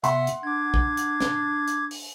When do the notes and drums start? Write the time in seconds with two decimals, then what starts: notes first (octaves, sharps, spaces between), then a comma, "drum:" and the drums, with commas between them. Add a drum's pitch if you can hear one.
0.04 C3 B3 E5 F#5 C6, drum: hi-hat
0.27 drum: hi-hat
0.43 D4 D6 G#6
0.74 drum: kick
0.97 drum: hi-hat
1.21 drum: snare
1.67 drum: hi-hat
1.91 drum: open hi-hat